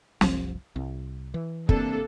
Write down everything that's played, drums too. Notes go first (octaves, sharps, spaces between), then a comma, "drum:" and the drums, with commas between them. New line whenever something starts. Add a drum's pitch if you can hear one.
F#1 C2 F3, drum: snare
C2
E3
C3 A#3 D4 A4, drum: kick